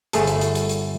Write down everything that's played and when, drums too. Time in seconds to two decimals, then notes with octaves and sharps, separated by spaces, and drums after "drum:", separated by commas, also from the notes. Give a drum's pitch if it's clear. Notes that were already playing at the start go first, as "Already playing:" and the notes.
0.13 G1 A3 G#4 A4, drum: hi-hat
0.27 drum: hi-hat
0.41 drum: hi-hat
0.55 drum: hi-hat
0.69 drum: hi-hat